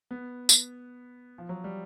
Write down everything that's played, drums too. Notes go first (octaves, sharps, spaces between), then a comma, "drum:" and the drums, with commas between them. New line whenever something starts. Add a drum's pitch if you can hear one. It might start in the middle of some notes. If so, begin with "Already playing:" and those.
B3
drum: tambourine
F3
F#3
G3